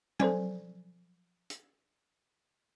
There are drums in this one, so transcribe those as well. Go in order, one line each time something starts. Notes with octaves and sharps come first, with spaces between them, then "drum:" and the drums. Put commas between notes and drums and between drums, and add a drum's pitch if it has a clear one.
A4 C5 D5 G#5, drum: tom F#3
drum: hi-hat